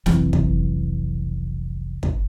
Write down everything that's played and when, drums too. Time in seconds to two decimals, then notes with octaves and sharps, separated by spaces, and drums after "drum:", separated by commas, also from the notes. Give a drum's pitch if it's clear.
0.06 F1 B1 E3 C4, drum: snare
0.33 drum: kick
2.03 drum: kick